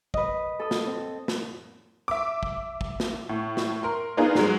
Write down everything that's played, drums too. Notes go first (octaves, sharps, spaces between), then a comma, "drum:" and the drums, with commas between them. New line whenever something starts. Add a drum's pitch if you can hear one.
B4 D#5, drum: kick
A4 D#6
drum: snare
C4
drum: snare
E5 D6
drum: kick
drum: kick
drum: snare
A2
drum: snare
A#4 C6
A#3 B3 D4 D#4 F4 G#4
G#2 F#3 G#3, drum: snare